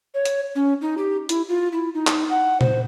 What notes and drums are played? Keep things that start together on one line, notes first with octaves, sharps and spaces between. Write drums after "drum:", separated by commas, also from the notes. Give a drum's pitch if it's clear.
C#5
drum: hi-hat
C#4
D#4
G4
E4, drum: hi-hat
F4
E4
D#4
drum: clap
F#5
C5, drum: tom A#2